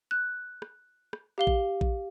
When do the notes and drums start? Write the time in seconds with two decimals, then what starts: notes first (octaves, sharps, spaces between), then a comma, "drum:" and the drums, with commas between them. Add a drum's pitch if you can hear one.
0.11 F#6
0.62 drum: rim click
1.13 drum: rim click
1.38 G4 F5 G7
1.47 drum: kick A#1
1.81 drum: kick A#1